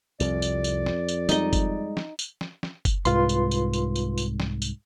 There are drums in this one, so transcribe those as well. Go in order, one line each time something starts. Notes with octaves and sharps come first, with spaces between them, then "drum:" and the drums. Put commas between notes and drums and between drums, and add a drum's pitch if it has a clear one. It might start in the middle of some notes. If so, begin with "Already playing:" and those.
C2 F2 D5, drum: tambourine
drum: tambourine
drum: tambourine
drum: snare
drum: tambourine
G3 G#3 D#4 D#5, drum: tambourine
drum: kick, tambourine
drum: snare
drum: tambourine
drum: snare
drum: snare
drum: kick, tambourine
C2 G#2 F4 B4 C6, drum: tambourine
drum: tambourine
drum: tambourine
drum: tambourine
drum: tambourine
drum: tambourine
drum: snare
drum: tambourine